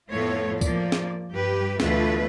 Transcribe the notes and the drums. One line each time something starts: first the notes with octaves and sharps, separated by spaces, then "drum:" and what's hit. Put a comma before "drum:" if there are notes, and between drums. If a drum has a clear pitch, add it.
F2 A2 A3 B3 F4 C#5
F3 A#3 D5, drum: kick C#2, tambourine
drum: snare
G2 G4 B4
D2 B2 E3 A3 F4 B4, drum: snare